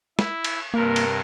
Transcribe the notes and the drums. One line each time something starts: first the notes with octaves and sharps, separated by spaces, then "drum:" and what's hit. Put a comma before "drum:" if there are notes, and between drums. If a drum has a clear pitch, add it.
E4, drum: snare
drum: cymbal
G2 C3 A#3 A#4
drum: cymbal